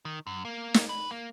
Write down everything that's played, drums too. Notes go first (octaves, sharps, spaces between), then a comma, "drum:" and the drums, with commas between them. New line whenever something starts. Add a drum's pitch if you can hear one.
D#3
F#2
A#3
drum: snare
B4
A#3